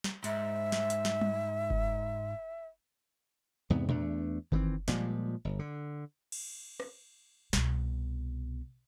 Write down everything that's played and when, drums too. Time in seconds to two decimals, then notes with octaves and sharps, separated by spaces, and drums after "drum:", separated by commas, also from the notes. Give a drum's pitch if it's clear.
0.04 drum: snare
0.24 G#2 E5, drum: hi-hat
0.72 drum: snare
0.90 drum: hi-hat
1.05 drum: snare
1.21 drum: tom G3
1.70 drum: kick F#1
3.70 E2 G#2 C3 B3
3.89 E2 A3 D4, drum: tom A#2
4.52 D#3 E3 A#3 C4, drum: kick F#1
4.88 A#2 F3 G3 G#3, drum: snare
5.45 G1
5.59 D3
6.32 drum: cymbal
6.80 drum: rim click
7.53 C2 B2, drum: snare